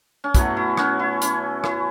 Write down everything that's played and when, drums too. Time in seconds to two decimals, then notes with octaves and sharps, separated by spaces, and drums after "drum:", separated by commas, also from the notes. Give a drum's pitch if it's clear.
0.24 C#4
0.35 B2 F#3 A3 E4, drum: kick, hi-hat
0.57 E4
0.77 C#4 F#4, drum: rim click
0.99 E4
1.22 C#4, drum: hi-hat
1.64 E4, drum: rim click